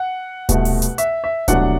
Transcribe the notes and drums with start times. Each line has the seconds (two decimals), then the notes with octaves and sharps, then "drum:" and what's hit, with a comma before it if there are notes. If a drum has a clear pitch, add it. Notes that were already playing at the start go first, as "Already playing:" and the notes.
Already playing: F#5
0.49 C2 B2 A3, drum: kick D1, hi-hat
0.65 drum: open hi-hat
0.82 drum: hi-hat
0.98 E5, drum: hi-hat
1.24 E5
1.48 C2 B2 F#3 A3 D4 F#5, drum: kick D1, hi-hat